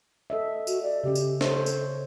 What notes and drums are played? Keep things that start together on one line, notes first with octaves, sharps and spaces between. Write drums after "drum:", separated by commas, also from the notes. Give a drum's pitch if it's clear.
A4 D#5 E5
F#4, drum: tambourine
D5
C#3 C#4 G4
drum: tambourine
A4 C5 C#5, drum: snare
drum: tambourine